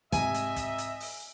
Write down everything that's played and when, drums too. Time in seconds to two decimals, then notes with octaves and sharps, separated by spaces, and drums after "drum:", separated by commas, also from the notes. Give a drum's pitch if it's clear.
0.12 G#2 C3 D#5 E5 G#5, drum: kick, hi-hat
0.34 drum: hi-hat
0.56 drum: kick, hi-hat
0.78 drum: hi-hat
1.00 drum: open hi-hat